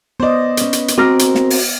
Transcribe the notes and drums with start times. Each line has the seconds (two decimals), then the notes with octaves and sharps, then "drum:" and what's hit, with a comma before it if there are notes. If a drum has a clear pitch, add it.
0.20 B3 C5 D5 D#5
0.57 C#4 B4, drum: hi-hat
0.73 drum: hi-hat
0.88 drum: hi-hat
0.98 C4 F#4 A#4 D6 F6 A#6
1.19 drum: hi-hat
1.35 drum: snare
1.50 drum: open hi-hat